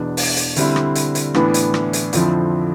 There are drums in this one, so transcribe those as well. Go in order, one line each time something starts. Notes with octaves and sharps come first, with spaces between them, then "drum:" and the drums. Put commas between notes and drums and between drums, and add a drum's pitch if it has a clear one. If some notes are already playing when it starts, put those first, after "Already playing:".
Already playing: E2 B2 B3 D4
drum: open hi-hat
drum: hi-hat
D3 G3 C4 E4, drum: hi-hat
drum: rim click
drum: hi-hat
drum: hi-hat
A2 E3 B3 D4, drum: rim click
drum: hi-hat
drum: rim click
drum: hi-hat
F2 D3 F3 C4 E4, drum: hi-hat